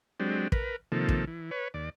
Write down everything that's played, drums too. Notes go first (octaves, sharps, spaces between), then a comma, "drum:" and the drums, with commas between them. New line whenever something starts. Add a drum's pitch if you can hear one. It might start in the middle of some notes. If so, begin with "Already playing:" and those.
F#3 G#3 C4 D4 G4
A#4 B4, drum: kick
C3 D#3 F3 A#3 A4
drum: kick
E3
B4 C#5
D#2 D5